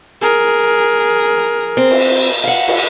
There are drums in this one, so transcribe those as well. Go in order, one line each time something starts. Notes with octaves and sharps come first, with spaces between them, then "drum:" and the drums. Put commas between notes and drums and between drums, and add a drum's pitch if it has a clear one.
G#4 A#4
C4
drum: cymbal
F5 F#5
drum: cymbal